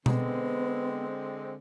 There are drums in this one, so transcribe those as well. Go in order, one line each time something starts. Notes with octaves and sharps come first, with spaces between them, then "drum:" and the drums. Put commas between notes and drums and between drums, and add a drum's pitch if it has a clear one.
D3 G#3 B3 C4, drum: tom B2